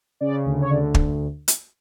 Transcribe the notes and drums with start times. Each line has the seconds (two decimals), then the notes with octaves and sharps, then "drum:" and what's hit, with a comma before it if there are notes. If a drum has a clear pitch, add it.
0.21 C#3 D5
0.45 D2
0.61 C#5
0.70 D2 D5
0.94 drum: kick
1.48 drum: hi-hat